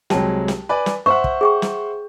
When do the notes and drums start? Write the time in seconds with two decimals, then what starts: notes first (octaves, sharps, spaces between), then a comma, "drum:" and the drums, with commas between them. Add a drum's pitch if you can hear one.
0.10 C2 F#3 G#3 G5 A5, drum: snare
0.48 drum: snare
0.69 B4 D5 G#5
0.86 drum: snare
1.06 C5 E5 F#5 C#6
1.24 drum: kick
1.41 G#4 G5 C#6
1.62 drum: snare